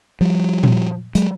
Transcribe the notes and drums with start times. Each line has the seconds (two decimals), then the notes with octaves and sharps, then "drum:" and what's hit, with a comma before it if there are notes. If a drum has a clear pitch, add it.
0.21 F3 G3
0.64 drum: tom A#2
1.15 F#3 G#3, drum: hi-hat